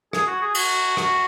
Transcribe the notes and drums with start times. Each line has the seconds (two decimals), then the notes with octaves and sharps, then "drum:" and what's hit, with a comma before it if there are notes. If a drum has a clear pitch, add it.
0.13 G#4, drum: rim click
0.27 F#4
0.42 G#4
0.55 F#4, drum: cymbal
0.97 F#4, drum: rim click